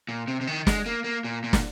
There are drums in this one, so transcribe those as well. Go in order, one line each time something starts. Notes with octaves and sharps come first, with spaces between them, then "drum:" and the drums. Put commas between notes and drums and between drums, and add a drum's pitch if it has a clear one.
A#2
C3
C3
D#3
G#3, drum: snare
A#3
A#3
A#2
A#2
drum: snare